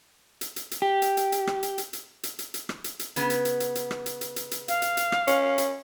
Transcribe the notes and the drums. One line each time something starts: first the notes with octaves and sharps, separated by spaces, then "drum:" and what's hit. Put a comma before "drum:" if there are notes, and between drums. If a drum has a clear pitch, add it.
drum: hi-hat
drum: hi-hat
drum: hi-hat
G4
drum: hi-hat
drum: hi-hat
drum: hi-hat
drum: rim click
drum: hi-hat
drum: hi-hat
drum: hi-hat
drum: hi-hat
drum: hi-hat
drum: hi-hat
drum: rim click
drum: hi-hat
drum: hi-hat
C#3 B3, drum: hi-hat
drum: hi-hat
drum: hi-hat
drum: hi-hat
drum: hi-hat
drum: rim click
drum: hi-hat
drum: hi-hat
drum: hi-hat
drum: hi-hat
F5, drum: hi-hat
drum: hi-hat
drum: hi-hat
drum: rim click
C#4, drum: hi-hat
drum: hi-hat